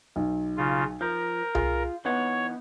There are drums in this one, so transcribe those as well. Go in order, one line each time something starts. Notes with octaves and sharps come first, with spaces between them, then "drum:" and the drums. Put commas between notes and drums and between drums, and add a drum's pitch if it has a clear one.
B1
C#3 F4
F3 A#4 G6
F4 G#4, drum: tom C2
E3 B3 D#4 C#5 F#5